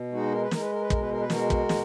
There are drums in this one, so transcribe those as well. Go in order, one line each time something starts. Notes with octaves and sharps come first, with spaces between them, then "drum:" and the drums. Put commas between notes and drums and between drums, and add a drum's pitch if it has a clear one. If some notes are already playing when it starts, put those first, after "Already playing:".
Already playing: B2
G#3 D#4 F#4
A#4
B4
G#3 A#4, drum: snare
B4
A#4
B4
B2 A#4, drum: kick
B4
A#4
B4
G#3 F#4 A#4, drum: snare
drum: kick
B2, drum: snare